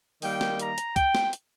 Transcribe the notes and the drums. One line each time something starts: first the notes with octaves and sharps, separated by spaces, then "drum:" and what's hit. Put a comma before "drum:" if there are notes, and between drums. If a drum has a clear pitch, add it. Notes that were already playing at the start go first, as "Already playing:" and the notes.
D#3 G3 A#3 G5, drum: open hi-hat
drum: snare
A#5, drum: hi-hat
drum: hi-hat
G5, drum: kick, hi-hat
drum: snare
drum: hi-hat